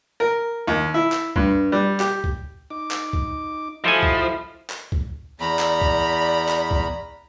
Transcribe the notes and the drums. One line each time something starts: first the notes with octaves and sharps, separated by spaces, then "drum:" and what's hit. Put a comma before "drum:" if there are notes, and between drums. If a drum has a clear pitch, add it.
A#4
D#2
E4
drum: clap
G2, drum: kick
G3
G4, drum: clap
drum: kick
D#4 D6
drum: clap
drum: kick
F3 E4 F#4 G4 A4 D#5 G#5
drum: kick
drum: clap
drum: kick
E2 D5 A#5 B5
drum: clap
drum: kick
drum: clap
drum: kick